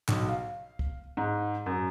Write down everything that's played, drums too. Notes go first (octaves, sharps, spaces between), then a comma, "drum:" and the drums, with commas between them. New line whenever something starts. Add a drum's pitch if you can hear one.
B1, drum: clap
F5
drum: kick C2
G#2
F#2